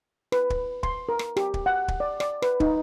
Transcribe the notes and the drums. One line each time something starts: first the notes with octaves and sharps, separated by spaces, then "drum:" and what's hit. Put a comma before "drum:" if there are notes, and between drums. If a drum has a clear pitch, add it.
B4, drum: rim click
drum: kick
C6, drum: kick
A#4
drum: rim click
G4, drum: rim click
drum: kick
F#5
drum: kick
D5
D5, drum: rim click
B4, drum: rim click
D#4, drum: kick